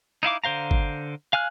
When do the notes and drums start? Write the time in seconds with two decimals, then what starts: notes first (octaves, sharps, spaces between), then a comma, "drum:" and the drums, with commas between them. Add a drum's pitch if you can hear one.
0.23 D#4 E4 F5 D6
0.44 D3 C5 F5 A#5
0.71 drum: kick
1.33 F5 G#5 F6 F#6